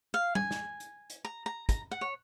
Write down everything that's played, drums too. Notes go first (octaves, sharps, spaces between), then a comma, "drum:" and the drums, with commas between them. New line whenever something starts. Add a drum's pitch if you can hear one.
F5
G#5, drum: tom G3
drum: snare
drum: hi-hat
drum: hi-hat
A#5
A#5
A#5, drum: kick, hi-hat
F#5
C#5